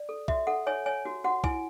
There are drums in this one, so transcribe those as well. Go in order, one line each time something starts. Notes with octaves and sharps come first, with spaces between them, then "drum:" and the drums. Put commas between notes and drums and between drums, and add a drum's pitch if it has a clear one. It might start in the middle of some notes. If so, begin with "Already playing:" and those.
Already playing: D5
A4
F#4 E5, drum: kick
A4 F#5
C#5 G#5
C#5 G#5
F#4
F#4 F#5
E4 G#5, drum: kick